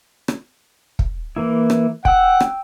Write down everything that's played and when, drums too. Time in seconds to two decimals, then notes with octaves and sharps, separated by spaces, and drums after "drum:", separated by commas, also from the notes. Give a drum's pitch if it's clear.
0.28 drum: rim click
0.99 drum: kick
1.36 E3 A#3 E4
1.70 drum: rim click
2.05 F#5 G5 E6, drum: kick
2.40 drum: rim click